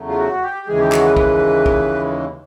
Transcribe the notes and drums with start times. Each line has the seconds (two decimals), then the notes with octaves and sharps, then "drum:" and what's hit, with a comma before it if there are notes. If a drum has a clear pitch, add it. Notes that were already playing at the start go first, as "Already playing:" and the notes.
Already playing: E2 C#3 F#3 A3
0.09 F4
0.18 F#4
0.42 G4
0.67 D#2 C#3 E3 G#3 G#4
0.80 G4
0.92 F#4, drum: clap
1.05 B4
1.17 B4, drum: kick
1.66 drum: kick